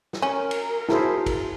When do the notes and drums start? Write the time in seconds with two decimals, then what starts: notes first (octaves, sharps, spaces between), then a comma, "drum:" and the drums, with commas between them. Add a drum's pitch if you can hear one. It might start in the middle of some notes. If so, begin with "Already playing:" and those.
0.13 drum: snare
0.22 C#4 A#4
0.51 drum: cymbal
0.89 E4 F#4 G#4 C5 A5, drum: snare
1.26 drum: kick, cymbal